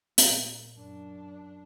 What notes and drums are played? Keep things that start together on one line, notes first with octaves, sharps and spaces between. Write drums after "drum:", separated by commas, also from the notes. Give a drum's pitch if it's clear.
A#2, drum: hi-hat
F#2 D4